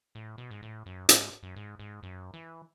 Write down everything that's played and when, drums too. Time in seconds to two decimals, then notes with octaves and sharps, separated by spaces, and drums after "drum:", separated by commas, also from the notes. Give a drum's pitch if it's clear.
0.15 A2
0.38 B2
0.51 G#2
0.62 A2
0.86 F#2
1.09 G#2, drum: hi-hat
1.43 F#2
1.56 G#2
1.79 G#2
2.03 F#2
2.34 E3